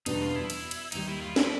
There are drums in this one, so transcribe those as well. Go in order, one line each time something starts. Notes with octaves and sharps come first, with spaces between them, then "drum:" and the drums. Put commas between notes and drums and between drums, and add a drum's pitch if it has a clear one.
E2 B2 G3 B3 D4 D#4, drum: cymbal
F4
E4
drum: cymbal
drum: cymbal
D#2 D#3 G3 D#4, drum: cymbal
E4
F4
E4, drum: snare